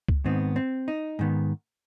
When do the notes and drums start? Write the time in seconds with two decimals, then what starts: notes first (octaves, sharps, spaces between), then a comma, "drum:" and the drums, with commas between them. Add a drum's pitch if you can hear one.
0.09 drum: kick C#2
0.24 G#2 D#3 B3 C4
0.56 C4
0.88 D#4
1.19 G#2 D#3 B3